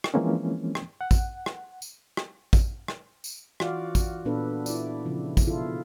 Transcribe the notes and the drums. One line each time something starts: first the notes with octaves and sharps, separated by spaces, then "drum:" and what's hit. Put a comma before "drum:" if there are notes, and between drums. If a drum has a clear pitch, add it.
drum: rim click
E3 F3 G#3 A#3 C4 C#4
drum: rim click
F#5
drum: kick, tambourine
drum: rim click
drum: tambourine
drum: rim click
drum: kick, tambourine
drum: rim click
drum: tambourine
E3 F4 F#4 D5 F5, drum: rim click
drum: kick, tambourine
A#2 B3 D4 A4 B4
E4 D5, drum: tambourine
C#3 F3
drum: kick, tambourine
B2 E4 F4 A4